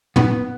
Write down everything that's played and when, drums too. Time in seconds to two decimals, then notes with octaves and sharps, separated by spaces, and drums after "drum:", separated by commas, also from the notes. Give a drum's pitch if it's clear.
0.16 B3, drum: tom